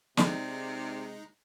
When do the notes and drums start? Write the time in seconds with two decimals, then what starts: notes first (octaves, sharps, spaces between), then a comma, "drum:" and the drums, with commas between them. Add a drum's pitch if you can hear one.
0.17 C3 G#3 D#4 D5, drum: snare